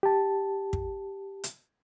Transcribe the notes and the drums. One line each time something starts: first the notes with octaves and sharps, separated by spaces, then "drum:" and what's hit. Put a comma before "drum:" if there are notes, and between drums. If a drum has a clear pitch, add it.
G4 A5
drum: kick
drum: hi-hat